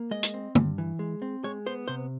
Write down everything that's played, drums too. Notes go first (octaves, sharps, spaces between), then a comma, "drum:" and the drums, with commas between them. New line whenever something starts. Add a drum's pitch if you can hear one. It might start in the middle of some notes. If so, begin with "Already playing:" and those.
Already playing: A#3
G#3 D#5
drum: hi-hat
C4
G2, drum: tom
E3
G#3
C4
G#3 C#5
B3 C5
C3 C5